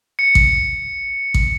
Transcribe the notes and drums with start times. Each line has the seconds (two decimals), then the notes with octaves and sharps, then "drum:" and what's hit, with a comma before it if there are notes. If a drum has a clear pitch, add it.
0.19 C#7
0.35 drum: kick A1
1.34 drum: kick A1